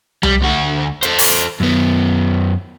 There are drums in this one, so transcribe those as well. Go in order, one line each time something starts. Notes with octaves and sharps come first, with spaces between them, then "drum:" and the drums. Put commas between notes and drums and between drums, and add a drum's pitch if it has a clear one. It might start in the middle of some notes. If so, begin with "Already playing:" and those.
G3, drum: tom C2
D2 F#4
A4 C5, drum: hi-hat
drum: open hi-hat
F#2 B3